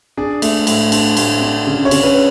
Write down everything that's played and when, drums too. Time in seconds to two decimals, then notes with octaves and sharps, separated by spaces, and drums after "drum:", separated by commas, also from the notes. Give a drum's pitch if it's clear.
0.17 D4 G#4
0.42 A3, drum: cymbal
0.67 A2, drum: cymbal
0.92 D4, drum: cymbal
1.17 A2, drum: cymbal
1.42 D4
1.67 C#3
1.85 C#5
1.91 C#3, drum: cymbal
2.03 B4